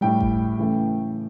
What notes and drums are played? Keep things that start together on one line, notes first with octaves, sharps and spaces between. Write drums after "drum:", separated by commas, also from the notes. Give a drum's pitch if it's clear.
A2 G3 G5
drum: kick G1
C#3 E3 A3